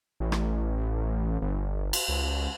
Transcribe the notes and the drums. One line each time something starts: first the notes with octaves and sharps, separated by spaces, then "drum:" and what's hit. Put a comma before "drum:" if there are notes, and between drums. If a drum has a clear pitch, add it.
A1
drum: rim click
G1
drum: cymbal
C#2